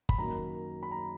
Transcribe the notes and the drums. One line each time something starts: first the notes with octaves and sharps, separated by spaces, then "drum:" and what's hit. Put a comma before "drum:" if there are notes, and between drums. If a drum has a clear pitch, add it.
B5, drum: kick
F#2 D#3 F#3 A#3 A#5
B5
A#5